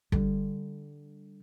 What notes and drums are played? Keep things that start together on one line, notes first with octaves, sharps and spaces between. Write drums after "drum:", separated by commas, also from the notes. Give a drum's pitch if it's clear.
D3 G3, drum: kick